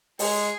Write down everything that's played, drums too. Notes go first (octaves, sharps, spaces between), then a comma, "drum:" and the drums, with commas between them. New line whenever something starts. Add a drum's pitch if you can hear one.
G#3 G#4, drum: open hi-hat